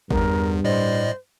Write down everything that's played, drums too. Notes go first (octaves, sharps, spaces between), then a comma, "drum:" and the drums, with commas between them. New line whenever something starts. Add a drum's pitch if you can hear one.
E2 G2 A#4, drum: kick
A2 C5 D5 D#5